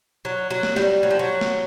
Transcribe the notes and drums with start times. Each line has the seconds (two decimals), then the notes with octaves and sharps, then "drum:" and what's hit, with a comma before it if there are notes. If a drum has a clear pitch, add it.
0.25 F#3
0.51 F#3
0.63 drum: snare
0.76 G3, drum: snare
1.03 F#3
1.11 F3
1.19 F#3
1.41 drum: snare